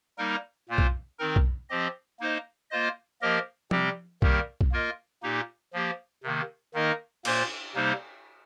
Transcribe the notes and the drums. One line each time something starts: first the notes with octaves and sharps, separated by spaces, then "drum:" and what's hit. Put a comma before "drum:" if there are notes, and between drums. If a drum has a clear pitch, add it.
G3 A#3 D#4 A#4
A#2 A#3 F4 C5
drum: kick B1
D#3 C4 D#4 A#4
drum: kick B1
F3 C4 G4 D#5
A#3 D#4 C5 D#5
A#3 F4 C5 D#5
F3 A#3 G4 A#4 D#5
C3 G3 C4 G4, drum: tom F3
D#3 G3 A#3 G4 A#4, drum: kick B1
drum: kick B1
A#3 F4 A#4 D#5
A#2 A#3 D#4 G4
F3 A#3 G4
C3 D#3 A#3
D#3 A#3 D#4 A#4 D#5
A#2 A#3 F4 C5, drum: cymbal
C3 G3 A#3 D#4 C5